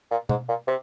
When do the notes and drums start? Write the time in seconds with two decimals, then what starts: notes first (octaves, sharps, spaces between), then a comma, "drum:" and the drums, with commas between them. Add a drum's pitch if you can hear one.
0.11 A#2
0.29 G#2, drum: tom
0.49 A#2
0.67 C3